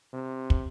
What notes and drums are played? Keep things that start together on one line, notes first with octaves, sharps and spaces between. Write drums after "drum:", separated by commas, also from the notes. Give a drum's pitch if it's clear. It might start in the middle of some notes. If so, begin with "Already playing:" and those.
C3
drum: kick